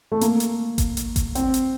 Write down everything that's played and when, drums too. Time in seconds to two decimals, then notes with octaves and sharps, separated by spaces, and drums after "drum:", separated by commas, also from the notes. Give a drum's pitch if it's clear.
0.12 A3
0.21 A#3, drum: hi-hat
0.40 drum: hi-hat
0.78 drum: kick G1, hi-hat
0.97 drum: hi-hat
1.16 drum: kick G1, hi-hat
1.35 C4, drum: hi-hat
1.54 drum: hi-hat